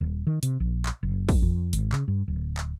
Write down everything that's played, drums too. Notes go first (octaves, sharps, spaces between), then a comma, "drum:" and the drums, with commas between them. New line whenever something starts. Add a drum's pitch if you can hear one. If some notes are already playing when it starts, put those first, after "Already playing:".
D#1
D#3
C3, drum: hi-hat
A#1
drum: clap
F#1
drum: kick, open hi-hat
F2
G#1, drum: hi-hat
C#3, drum: clap
G2
D1
drum: clap